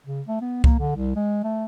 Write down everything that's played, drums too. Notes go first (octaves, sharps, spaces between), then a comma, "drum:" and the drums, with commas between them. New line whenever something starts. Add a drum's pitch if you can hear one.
C#3
A3
B3
A#3, drum: kick C2
D3
C2
G#3
A3